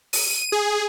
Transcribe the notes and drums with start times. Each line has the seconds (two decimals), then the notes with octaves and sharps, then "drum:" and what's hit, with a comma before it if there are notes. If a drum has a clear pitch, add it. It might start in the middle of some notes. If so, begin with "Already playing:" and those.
0.13 D#7, drum: open hi-hat
0.52 G#4